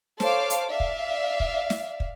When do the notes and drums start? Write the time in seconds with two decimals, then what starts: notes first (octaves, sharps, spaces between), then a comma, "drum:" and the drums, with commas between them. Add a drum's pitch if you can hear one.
0.20 A4 C5 C#5 F5 D6, drum: snare
0.50 drum: hi-hat
0.70 D5 E5 F5
0.80 drum: kick
1.40 drum: kick
1.70 drum: snare
2.00 drum: kick